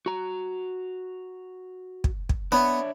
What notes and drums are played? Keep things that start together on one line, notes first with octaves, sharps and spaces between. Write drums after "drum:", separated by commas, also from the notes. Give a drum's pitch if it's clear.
F#4 A#5
drum: kick
drum: kick
B3 D4 C#5 E5